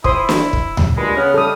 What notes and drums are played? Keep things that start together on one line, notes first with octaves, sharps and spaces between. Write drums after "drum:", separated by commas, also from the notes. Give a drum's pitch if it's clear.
E4 C5 C6 D#6, drum: kick
drum: snare
drum: kick
drum: tom D2
G2 A#2 G#3 B5
C#3 B3 F6
G3 A4 D#6